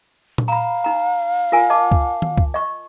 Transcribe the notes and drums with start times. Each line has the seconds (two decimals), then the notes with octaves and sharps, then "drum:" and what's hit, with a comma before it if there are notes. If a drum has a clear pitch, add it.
0.38 drum: tom A#2
0.48 F5 A#5 B5
0.84 D#4 A#5
1.52 F4 A#4 G#5
1.70 D#5 A5 D6
1.92 drum: kick
2.22 drum: tom D#3
2.37 drum: kick
2.54 D#5 C#6